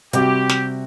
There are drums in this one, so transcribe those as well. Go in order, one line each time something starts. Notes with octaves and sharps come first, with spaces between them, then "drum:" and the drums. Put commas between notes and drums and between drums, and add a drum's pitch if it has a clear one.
C3 G3 C4 F#4 G4 C5, drum: hi-hat
drum: snare